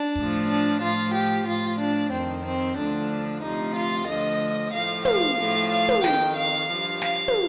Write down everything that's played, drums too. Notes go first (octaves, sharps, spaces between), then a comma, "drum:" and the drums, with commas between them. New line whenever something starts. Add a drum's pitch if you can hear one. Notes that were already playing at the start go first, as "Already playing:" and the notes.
Already playing: D4
A2, drum: kick
F3
D4
A2 F3 F4
G4
A2 F3 F4
D4
F2 D#3 C4
C4
D2 D3 F3 D4
D2 C3 F3 D#4
F4
D2 D3 F3 D#5
A2 F3 F5
F5, drum: tom
A2 F3
F5
drum: tom
F2 D#3 G5, drum: snare
F5
G2 F3
F5, drum: snare
drum: tom